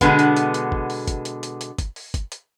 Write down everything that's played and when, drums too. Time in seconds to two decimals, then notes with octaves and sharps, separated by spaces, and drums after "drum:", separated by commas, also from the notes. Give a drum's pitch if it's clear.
0.01 B2 D3 G#3 B3, drum: kick, hi-hat
0.19 drum: hi-hat
0.37 drum: hi-hat
0.54 drum: hi-hat
0.72 drum: kick
0.90 drum: open hi-hat
1.07 drum: kick, hi-hat
1.25 drum: hi-hat
1.43 drum: hi-hat
1.61 drum: hi-hat
1.78 drum: kick, hi-hat
1.96 drum: open hi-hat
2.14 drum: kick, hi-hat
2.32 drum: hi-hat